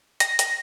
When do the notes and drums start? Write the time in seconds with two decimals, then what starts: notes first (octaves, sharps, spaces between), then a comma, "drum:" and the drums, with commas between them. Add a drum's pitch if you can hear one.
0.20 A#6, drum: hi-hat
0.39 drum: hi-hat